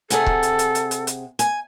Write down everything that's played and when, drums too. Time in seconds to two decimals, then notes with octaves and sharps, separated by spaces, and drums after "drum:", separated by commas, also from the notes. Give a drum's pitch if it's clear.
0.10 C3 G#4 A4 F#5, drum: hi-hat
0.26 drum: kick C#1
0.43 drum: hi-hat
0.59 drum: hi-hat
0.75 drum: hi-hat
0.91 drum: hi-hat
1.07 drum: hi-hat
1.39 G#5, drum: hi-hat